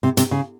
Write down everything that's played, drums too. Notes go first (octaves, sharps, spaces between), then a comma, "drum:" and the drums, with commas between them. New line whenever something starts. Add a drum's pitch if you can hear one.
C3
C3, drum: hi-hat
C#3